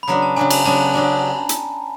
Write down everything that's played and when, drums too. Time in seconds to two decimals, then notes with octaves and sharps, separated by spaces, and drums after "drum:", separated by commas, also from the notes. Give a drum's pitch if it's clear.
0.03 B5
0.08 C#3 F#3 B3 D4 A#5
0.22 A5
0.36 C#3 F#3 B3 D4 G#5
0.50 A5, drum: cymbal
0.65 C#3 F#3 B3 D4 A5
0.94 C#3 F#3 B3 D4
1.49 drum: hi-hat